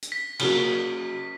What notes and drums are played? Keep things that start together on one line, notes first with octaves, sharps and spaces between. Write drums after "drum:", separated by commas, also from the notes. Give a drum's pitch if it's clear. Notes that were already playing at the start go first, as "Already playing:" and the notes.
drum: hi-hat
B6
C#3 F#3 A#3, drum: cymbal